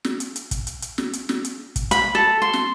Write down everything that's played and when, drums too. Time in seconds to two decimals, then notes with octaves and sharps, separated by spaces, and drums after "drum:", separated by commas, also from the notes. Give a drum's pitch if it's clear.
0.05 drum: snare
0.20 drum: hi-hat
0.36 drum: hi-hat
0.51 drum: kick, hi-hat
0.67 drum: hi-hat
0.82 drum: hi-hat
0.98 drum: snare
1.13 drum: hi-hat
1.29 drum: snare
1.45 drum: hi-hat
1.76 drum: kick, hi-hat
1.91 B5, drum: hi-hat
2.15 A4
2.42 C6
2.53 drum: snare